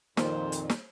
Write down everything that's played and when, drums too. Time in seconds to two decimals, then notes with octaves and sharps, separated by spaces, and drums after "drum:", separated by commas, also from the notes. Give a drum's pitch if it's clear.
0.17 F2 A#2 D#3 F3 C5, drum: snare
0.52 drum: hi-hat
0.69 drum: snare